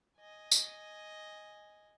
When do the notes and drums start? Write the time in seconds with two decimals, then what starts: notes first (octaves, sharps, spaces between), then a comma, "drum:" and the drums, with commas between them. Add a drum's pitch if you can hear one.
0.18 D#5 G#5
0.51 drum: tambourine